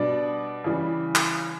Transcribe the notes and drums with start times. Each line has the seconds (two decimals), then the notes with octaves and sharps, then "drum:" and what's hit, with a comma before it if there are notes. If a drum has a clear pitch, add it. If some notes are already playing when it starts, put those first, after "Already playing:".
Already playing: B2 G3 D4 D5
0.64 C#3 E3 G3
1.15 drum: clap